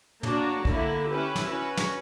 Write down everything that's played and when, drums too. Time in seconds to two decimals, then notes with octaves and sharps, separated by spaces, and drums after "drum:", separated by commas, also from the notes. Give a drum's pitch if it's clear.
0.23 A#3 D4 F#4 C#5, drum: tom
0.65 D3 A#3 E4, drum: kick
1.08 C#4 E4 G4 B4
1.36 drum: snare
1.49 C#4 F#4 B4
1.77 drum: snare